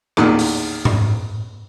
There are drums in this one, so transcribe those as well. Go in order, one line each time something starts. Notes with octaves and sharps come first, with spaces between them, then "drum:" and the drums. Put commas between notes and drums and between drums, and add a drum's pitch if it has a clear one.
A1 E2 A#2 D#3, drum: rim click
drum: open hi-hat
drum: tom